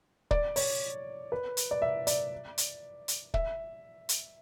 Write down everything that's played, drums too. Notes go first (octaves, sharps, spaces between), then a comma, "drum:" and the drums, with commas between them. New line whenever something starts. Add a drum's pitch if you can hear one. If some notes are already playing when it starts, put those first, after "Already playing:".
D5, drum: kick
C#5, drum: open hi-hat
B4
drum: hi-hat
D5
E5
D5, drum: hi-hat
drum: hi-hat
drum: hi-hat
E5, drum: kick
drum: hi-hat